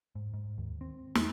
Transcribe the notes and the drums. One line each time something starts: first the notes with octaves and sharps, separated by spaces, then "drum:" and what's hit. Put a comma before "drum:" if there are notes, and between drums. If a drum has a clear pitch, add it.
G#2
G#2
D#2
C4
E2, drum: snare